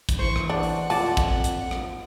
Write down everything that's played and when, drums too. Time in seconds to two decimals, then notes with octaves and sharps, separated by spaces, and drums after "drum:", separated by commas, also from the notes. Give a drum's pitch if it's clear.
0.09 drum: kick, hi-hat
0.19 E3 C5 C#6
0.36 drum: rim click
0.50 D4 F#5
0.63 drum: open hi-hat
0.90 F2 F3 D5 A5, drum: open hi-hat
1.17 drum: kick, hi-hat
1.44 drum: hi-hat
1.71 drum: rim click